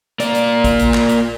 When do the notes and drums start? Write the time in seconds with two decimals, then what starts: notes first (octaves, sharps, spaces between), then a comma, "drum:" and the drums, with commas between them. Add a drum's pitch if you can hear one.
0.20 A#3 D5, drum: hi-hat
0.35 drum: hi-hat
0.64 drum: kick A1, hi-hat
0.79 drum: hi-hat
0.94 drum: clap
1.09 drum: hi-hat